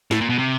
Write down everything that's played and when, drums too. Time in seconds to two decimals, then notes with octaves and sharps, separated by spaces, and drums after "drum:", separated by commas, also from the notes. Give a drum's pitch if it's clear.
0.11 A2, drum: snare
0.21 A#2
0.30 B2
0.38 C3